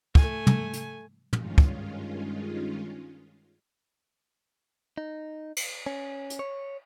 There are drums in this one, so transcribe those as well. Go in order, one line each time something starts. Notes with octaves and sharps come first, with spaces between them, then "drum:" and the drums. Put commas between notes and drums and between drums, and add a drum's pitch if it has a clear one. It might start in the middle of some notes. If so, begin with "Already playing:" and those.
A3 G#5, drum: kick
drum: tom
drum: hi-hat
G2 D#3 G#3 C#4 F4, drum: tom
drum: kick
D#4
drum: cymbal
C#4
drum: hi-hat
C#5